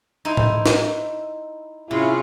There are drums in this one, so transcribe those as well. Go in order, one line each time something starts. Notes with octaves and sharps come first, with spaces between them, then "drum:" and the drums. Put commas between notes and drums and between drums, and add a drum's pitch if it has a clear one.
D#4 E4 C5
drum: tom A2
drum: snare
C3 C#4 E4 F4 G#4